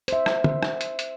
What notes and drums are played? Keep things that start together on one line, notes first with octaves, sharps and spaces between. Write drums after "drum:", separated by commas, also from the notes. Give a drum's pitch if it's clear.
C5 E5, drum: hi-hat
drum: rim click
drum: tom
drum: rim click
drum: hi-hat
drum: hi-hat